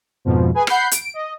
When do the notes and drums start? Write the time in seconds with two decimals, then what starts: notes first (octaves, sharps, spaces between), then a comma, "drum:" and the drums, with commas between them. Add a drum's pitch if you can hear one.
0.25 F2 G#2 B2 F3
0.54 G#4 B4 G#5
0.67 F#5 B5 G6 C7, drum: rim click
0.91 D7, drum: hi-hat
1.14 D#5